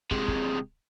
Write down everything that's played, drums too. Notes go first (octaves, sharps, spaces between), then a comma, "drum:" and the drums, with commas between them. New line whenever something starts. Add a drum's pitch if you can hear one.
C3 G#3, drum: kick
drum: kick